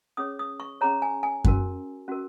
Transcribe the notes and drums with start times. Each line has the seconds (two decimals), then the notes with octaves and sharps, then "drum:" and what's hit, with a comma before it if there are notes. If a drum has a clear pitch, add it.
0.17 C#4 G#4 C#5 D#6
0.39 D#6
0.60 C#6
0.81 C#4 G#4 C#5 A#5
1.02 G#5
1.23 G#5
1.45 C#4 F#4 A#4, drum: kick F#2
2.08 C#4 F#4 A#4